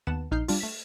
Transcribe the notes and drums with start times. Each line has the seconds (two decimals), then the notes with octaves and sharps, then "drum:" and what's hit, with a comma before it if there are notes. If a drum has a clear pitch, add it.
0.07 D#2 B3 F#5 A5 E7
0.31 A#1 D#4 F6 G6 C7
0.48 G3 D4 F4, drum: open hi-hat
0.60 A3 B6